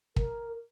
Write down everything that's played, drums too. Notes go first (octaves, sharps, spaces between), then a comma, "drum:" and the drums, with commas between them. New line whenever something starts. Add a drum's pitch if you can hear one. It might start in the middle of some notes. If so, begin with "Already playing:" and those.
A#4, drum: kick